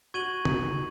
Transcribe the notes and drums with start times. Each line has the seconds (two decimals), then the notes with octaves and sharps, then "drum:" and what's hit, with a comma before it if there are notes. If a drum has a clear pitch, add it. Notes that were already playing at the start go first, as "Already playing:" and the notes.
0.14 F#4 C#6 G#6 D#7 F#7
0.45 D#4, drum: tom